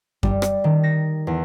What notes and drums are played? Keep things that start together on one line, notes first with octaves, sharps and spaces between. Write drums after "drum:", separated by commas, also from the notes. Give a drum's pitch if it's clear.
G3, drum: kick F#2
drum: rim click
D#3
A#6
E2